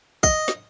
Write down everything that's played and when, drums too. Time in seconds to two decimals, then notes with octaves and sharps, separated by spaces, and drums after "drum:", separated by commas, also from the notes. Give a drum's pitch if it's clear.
0.23 D#5, drum: kick
0.48 drum: snare